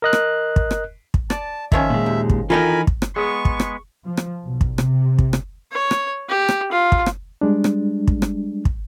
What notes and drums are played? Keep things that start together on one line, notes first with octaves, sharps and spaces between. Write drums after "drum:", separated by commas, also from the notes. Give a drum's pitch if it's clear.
A#4 D#5 F#6
drum: rim click
drum: kick
drum: rim click
drum: kick
D5 A5, drum: rim click
D#3 F3 C#4 E5, drum: kick
A#2 G#3
D#2
drum: kick
E3 D#4 F4 A4 A#4 G5 G#5 B5
drum: kick
drum: rim click
G#3 B3 G#4 C#6
drum: kick
drum: rim click
F3
drum: rim click
B1
drum: kick
C3, drum: rim click
drum: kick
drum: rim click
C#5
drum: rim click
G4
drum: rim click
F4
drum: kick
drum: rim click
G3 G#3 D4
drum: rim click
drum: kick
drum: rim click
drum: kick